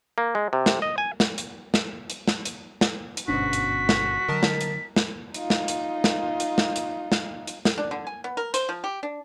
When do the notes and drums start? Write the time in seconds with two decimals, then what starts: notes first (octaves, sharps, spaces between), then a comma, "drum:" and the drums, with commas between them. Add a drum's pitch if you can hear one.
0.18 A#3
0.35 G#3
0.53 C3
0.66 drum: snare
0.82 D#5
0.98 G#5
1.20 drum: snare
1.38 drum: hi-hat
1.74 drum: snare
2.10 drum: hi-hat
2.28 drum: snare
2.45 drum: hi-hat
2.81 drum: snare
3.17 drum: hi-hat
3.28 G1 G#2 B2 C#4 D4 F#4 B6
3.53 drum: hi-hat
3.89 drum: snare
4.28 D3 F#3 A#4 D#5 A5
4.43 drum: snare
4.61 drum: hi-hat
4.96 drum: snare
5.34 D#4 F4, drum: hi-hat
5.50 drum: snare
5.68 drum: hi-hat
6.04 drum: snare
6.40 drum: hi-hat
6.58 drum: snare
6.76 drum: hi-hat
7.12 drum: snare
7.47 drum: hi-hat
7.65 drum: snare
7.78 D4
7.91 D3
8.07 G#5
8.24 B3
8.37 A#4
8.54 C5, drum: hi-hat
8.69 F3
8.84 G4
9.03 D4